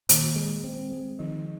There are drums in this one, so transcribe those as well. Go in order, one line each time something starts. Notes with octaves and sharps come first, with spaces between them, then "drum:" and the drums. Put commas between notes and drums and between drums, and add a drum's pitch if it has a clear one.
A#2 D#3, drum: hi-hat
G#3
C4
G#3
D#3 F3